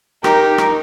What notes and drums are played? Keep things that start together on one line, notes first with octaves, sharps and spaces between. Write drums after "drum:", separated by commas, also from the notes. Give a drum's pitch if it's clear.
D#4 G4 A#4, drum: rim click
drum: rim click